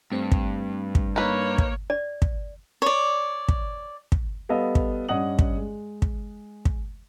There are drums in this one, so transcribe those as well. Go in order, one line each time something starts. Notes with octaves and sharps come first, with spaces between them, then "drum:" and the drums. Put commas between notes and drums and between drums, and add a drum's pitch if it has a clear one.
G2 A3 C4
drum: kick
drum: kick
A#3 D#4 B4 C#5
drum: kick
D5
drum: kick
C#5 D5
drum: kick
drum: kick
G3 B3 A4 D#5 F5
drum: kick
G2 C#4 D#5 F#5 D#6 F#7
drum: kick
G#3
drum: kick
drum: kick